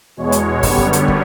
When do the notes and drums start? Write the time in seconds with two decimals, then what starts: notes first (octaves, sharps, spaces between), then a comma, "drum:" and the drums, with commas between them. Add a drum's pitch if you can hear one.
0.17 E2 B2 G#3 C#5
0.32 drum: hi-hat
0.63 F#2 D3 G3 B3, drum: kick, open hi-hat
0.78 drum: kick
0.93 drum: hi-hat
1.08 drum: kick